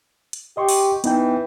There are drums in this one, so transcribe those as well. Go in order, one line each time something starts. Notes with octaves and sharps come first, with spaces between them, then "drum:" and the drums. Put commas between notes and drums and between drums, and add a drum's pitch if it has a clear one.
drum: hi-hat
G4 D#5 C6 C#6
drum: open hi-hat
E3 B3 D#4 G5, drum: hi-hat